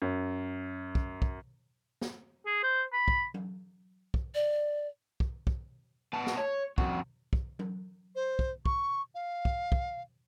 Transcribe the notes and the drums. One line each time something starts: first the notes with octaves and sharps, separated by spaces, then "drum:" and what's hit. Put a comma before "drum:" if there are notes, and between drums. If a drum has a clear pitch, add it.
F#2
drum: kick
drum: kick
drum: snare
G#4
C5
B5
drum: kick
drum: tom F#3
drum: kick
D5
drum: kick
drum: kick
B3 A5
drum: snare
C#5
F2 F#4, drum: kick
drum: kick
drum: tom F#3
C5
drum: kick
C#6, drum: kick
F5
drum: kick
drum: kick